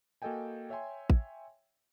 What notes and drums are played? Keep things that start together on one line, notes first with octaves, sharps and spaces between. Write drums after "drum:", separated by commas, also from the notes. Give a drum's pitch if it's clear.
A#3 F#4 A4 D#5 G5 G#5
C#5 E5 G5 G#5 C6
drum: kick